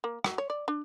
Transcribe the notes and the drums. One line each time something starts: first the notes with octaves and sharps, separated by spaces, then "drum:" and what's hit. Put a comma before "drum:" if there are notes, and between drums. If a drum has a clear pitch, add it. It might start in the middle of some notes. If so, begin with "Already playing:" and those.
A#3
F#3, drum: rim click
C#5
D5
D4